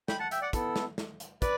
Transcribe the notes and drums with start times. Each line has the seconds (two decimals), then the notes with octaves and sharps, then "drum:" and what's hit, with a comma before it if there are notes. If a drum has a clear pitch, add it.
0.08 G5 B5, drum: snare
0.19 F#5 A5
0.31 E5 G5, drum: hi-hat
0.42 D5 F#5
0.53 B3 E4 A4, drum: kick, hi-hat
0.76 drum: snare
0.98 drum: snare
1.20 drum: hi-hat
1.42 B4 D5, drum: kick, hi-hat